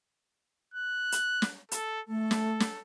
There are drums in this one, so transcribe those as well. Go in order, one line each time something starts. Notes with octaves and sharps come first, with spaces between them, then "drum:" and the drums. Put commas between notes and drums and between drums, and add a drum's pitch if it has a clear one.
F#6
drum: hi-hat
drum: snare
A4, drum: hi-hat
A3 A4
drum: snare
drum: snare